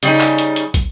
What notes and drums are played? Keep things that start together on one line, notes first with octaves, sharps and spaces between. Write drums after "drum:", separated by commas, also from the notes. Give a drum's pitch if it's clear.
C#3 G3 B3 C#4 D#4, drum: hi-hat
drum: clap
drum: hi-hat
drum: hi-hat
drum: kick, hi-hat